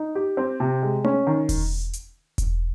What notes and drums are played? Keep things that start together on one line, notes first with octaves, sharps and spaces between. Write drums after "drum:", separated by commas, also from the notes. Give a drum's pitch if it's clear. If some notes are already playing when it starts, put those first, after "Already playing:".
Already playing: D#4
G4
C4
C3
G#3
C#4, drum: tom A3
D#3
drum: kick E1, open hi-hat
drum: hi-hat
drum: kick E1, hi-hat